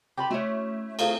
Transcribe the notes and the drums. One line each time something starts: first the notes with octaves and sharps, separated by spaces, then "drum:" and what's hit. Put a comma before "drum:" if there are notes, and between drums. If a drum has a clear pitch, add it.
G4 B4 A5 C6 D6
A3 C#4 E4 F#4
C4 E4 F4 G#4 A4 F5, drum: cymbal